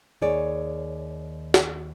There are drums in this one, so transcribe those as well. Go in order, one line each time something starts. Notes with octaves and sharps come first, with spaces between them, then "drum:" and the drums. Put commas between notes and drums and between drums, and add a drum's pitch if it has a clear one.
D#2 G#4 C#5 D5
drum: snare